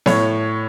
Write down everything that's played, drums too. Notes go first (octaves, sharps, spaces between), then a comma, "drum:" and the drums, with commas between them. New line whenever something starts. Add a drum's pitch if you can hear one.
A2 C#5, drum: snare B3